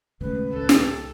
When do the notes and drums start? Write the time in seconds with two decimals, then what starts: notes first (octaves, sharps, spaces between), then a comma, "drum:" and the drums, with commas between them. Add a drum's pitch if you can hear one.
0.21 D#2 A2 C#3 G#3 A3 B4
0.53 C#2 A#2 A4
0.69 drum: snare